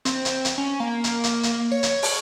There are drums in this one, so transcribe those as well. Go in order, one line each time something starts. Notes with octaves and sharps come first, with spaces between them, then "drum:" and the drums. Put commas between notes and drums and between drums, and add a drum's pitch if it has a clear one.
C4, drum: hi-hat
drum: hi-hat
drum: hi-hat
C#4
A#3
drum: hi-hat
drum: hi-hat
drum: hi-hat
C#5
drum: hi-hat
drum: open hi-hat